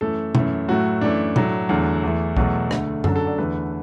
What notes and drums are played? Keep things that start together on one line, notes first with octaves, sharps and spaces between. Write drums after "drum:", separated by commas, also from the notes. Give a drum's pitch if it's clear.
F#2 E3 A3 A4
F#2 E3 A3, drum: tom B2
A2 F#3 A3 F#4
F#2 E3 A3 D4
A2 F#3 A3, drum: tom B2
E2 D3 F#3 A3
E2 E3 A3
E2 B2 F#3 A3, drum: kick B1
D2 D3 A3, drum: rim click
F#2 D3 F#3 A4, drum: tom F#2
A4
D5
E2 D3 A3 B4